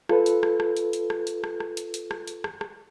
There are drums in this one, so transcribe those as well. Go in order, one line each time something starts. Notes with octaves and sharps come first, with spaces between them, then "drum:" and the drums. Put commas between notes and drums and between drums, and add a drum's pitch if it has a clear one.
F4 A4 B4, drum: rim click
drum: hi-hat
drum: rim click
drum: rim click
drum: hi-hat
drum: hi-hat
drum: rim click
drum: hi-hat
drum: rim click
drum: rim click
drum: hi-hat
drum: hi-hat
drum: rim click
drum: hi-hat
drum: rim click
drum: rim click